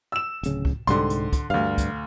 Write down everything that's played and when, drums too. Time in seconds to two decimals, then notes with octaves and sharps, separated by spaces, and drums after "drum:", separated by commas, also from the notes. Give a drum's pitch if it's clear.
0.12 E6 E7
0.43 D1 C#3, drum: hi-hat
0.65 drum: kick
0.87 C2 G#2 D3 G3 C6, drum: hi-hat
1.10 drum: hi-hat
1.33 drum: kick, hi-hat
1.50 D2 G2 F5
1.78 drum: kick, hi-hat